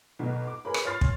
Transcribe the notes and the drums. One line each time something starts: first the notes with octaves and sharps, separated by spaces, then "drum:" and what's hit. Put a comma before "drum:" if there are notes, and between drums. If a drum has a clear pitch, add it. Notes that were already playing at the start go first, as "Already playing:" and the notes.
B1 B2
D6
G#4 A#4 B4 C#5 B5
drum: rim click
C#5 C6 F6 A6 C7
drum: kick